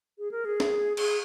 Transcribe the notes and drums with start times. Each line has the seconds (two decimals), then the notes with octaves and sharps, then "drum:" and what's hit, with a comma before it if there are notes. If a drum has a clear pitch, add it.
0.19 G#4
0.31 A#4
0.45 G#4
0.60 drum: snare
0.97 G#4, drum: cymbal